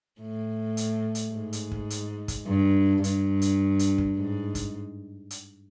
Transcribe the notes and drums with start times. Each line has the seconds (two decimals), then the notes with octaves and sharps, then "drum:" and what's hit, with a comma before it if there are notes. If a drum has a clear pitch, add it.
0.21 A2
0.77 drum: hi-hat
1.15 drum: hi-hat
1.33 G#2
1.53 drum: hi-hat
1.72 drum: kick
1.90 drum: hi-hat
2.28 drum: kick, hi-hat
2.47 G2
3.04 G2, drum: hi-hat
3.42 drum: hi-hat
3.79 drum: hi-hat
3.98 drum: kick
4.18 G#2
4.55 drum: kick, hi-hat
5.31 drum: hi-hat